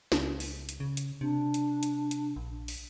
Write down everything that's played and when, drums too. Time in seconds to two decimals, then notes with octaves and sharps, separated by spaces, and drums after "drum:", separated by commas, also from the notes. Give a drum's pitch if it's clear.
0.12 C#2, drum: snare
0.40 drum: open hi-hat
0.69 drum: hi-hat
0.80 C#3
0.97 drum: hi-hat
1.21 C3 D4
1.54 drum: hi-hat
1.83 drum: hi-hat
2.11 drum: hi-hat
2.36 A#1
2.68 drum: open hi-hat